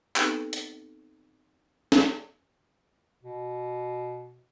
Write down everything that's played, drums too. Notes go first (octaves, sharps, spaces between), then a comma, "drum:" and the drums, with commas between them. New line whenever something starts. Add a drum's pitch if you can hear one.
B3 C4 D#4 G4 A4 B4, drum: clap
drum: hi-hat
drum: snare
B2